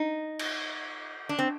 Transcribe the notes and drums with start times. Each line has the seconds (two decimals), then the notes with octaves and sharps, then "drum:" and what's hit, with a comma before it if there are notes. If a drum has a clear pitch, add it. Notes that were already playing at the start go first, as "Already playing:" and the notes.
Already playing: D#4
0.39 drum: cymbal
1.29 D4
1.39 C4